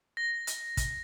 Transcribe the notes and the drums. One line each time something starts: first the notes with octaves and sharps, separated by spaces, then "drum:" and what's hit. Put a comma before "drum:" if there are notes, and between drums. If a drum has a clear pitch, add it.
A#6
drum: hi-hat
drum: kick, hi-hat